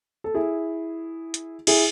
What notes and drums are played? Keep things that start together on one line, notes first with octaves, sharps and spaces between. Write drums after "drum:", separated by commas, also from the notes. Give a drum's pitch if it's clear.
A4
E4 G#4
drum: hi-hat
E4 G#4, drum: cymbal